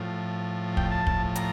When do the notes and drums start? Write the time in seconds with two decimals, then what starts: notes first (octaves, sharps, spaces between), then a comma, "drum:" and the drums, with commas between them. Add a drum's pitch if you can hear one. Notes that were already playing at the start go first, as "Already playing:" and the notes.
Already playing: A2 F3
0.77 G5, drum: kick
0.92 A5
1.07 A2 F3, drum: kick
1.35 A#5, drum: hi-hat